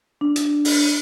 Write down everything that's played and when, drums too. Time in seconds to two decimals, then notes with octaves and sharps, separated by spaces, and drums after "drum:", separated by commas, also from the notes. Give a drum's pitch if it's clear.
0.21 D4
0.36 drum: hi-hat
0.65 drum: open hi-hat